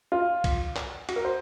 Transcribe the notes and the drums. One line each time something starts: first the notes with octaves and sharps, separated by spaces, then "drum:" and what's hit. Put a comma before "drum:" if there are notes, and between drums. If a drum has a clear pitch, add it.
F4
drum: kick B1, cymbal
drum: clap
F#4, drum: cymbal
A#4
C5